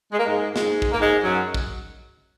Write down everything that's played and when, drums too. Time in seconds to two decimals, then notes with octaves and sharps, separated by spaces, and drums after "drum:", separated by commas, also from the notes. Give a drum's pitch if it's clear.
0.11 G#3
0.18 A#3
0.26 G#2 G#3
0.56 G#2 G#3, drum: snare
0.82 drum: kick
0.91 A#3
1.00 G#2 G#3
1.23 F#2 F#3
1.54 drum: kick